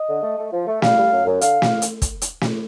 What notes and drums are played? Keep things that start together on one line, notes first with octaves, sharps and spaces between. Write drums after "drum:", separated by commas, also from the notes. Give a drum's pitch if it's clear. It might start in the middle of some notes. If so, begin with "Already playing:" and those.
Already playing: D#5
D3
A3
A3
F3
A3
G3 F5, drum: snare
G3
F#2
F#2
D3 F5, drum: hi-hat
drum: snare
drum: hi-hat
drum: kick, hi-hat
drum: hi-hat
drum: snare